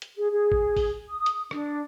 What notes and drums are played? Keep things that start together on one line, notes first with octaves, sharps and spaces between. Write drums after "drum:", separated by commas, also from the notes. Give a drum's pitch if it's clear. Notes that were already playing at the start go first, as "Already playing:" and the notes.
drum: hi-hat
G#4
G#4
drum: kick G#1
drum: kick G#1, open hi-hat
D#6
drum: hi-hat
D4, drum: rim click